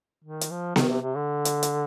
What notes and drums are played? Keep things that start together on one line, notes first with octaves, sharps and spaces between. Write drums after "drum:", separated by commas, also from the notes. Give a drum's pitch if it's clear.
D#3
drum: hi-hat
F3
D#3, drum: snare B3
C3
C3
D3
drum: hi-hat
drum: hi-hat